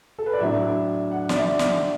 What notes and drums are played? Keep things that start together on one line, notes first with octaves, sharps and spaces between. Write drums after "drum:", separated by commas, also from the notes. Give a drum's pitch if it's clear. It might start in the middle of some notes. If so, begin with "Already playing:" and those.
A4
B4
D5
A2 F#3 D4 E5
F#5
D5, drum: snare
E5
drum: snare